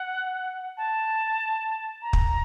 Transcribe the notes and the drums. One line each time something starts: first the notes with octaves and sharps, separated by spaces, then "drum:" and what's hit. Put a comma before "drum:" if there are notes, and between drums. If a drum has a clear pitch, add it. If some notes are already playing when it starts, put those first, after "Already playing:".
Already playing: F#5
A5
A#5
drum: kick